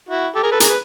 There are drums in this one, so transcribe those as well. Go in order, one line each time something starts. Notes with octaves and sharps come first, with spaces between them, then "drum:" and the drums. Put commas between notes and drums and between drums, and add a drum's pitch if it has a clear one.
E4 F#4
G4 A4
G#4 A#4
A4 B4
G#4 A#4, drum: hi-hat
B4